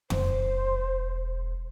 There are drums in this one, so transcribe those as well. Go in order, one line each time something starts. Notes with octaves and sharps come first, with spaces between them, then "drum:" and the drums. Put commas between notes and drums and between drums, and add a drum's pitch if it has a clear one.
E1 C5, drum: tom F2